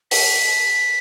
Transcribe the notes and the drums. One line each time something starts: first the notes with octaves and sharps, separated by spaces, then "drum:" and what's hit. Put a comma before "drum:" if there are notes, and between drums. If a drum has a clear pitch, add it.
B6, drum: open hi-hat